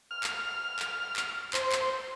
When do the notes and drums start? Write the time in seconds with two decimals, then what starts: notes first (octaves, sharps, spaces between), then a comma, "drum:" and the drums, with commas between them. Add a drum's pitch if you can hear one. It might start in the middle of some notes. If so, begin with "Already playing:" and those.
0.11 F6
0.24 drum: clap
0.79 drum: clap
1.16 drum: clap
1.54 C5, drum: clap
1.72 drum: clap